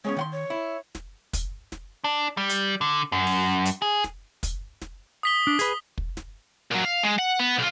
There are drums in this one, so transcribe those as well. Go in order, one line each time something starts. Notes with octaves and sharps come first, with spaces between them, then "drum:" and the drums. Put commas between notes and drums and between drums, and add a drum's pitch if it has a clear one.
G#3 B3 C#4 C#5
D#3 F#5 C6
C#5
E4
drum: snare
drum: kick, hi-hat
drum: snare
D4
G3
drum: hi-hat
D3
F#2
drum: open hi-hat
drum: hi-hat
G#4
drum: snare
drum: kick, hi-hat
drum: snare
D#6 B6 G7
D4
G#4 B4, drum: hi-hat
drum: kick
drum: snare
A#2 F#3
F5
G#3
F#5
B3
B1 F4